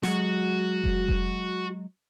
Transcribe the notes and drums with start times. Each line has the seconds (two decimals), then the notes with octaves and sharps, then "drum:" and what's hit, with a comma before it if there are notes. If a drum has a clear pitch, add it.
0.03 F#3 G#3 F#4, drum: snare
0.84 drum: kick F1
1.08 drum: kick F1